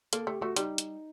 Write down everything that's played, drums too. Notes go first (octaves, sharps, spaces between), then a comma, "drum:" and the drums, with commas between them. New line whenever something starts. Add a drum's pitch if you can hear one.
A#3 A4, drum: hi-hat
A3 G4
A3 F#4
G3 D#4, drum: hi-hat
drum: hi-hat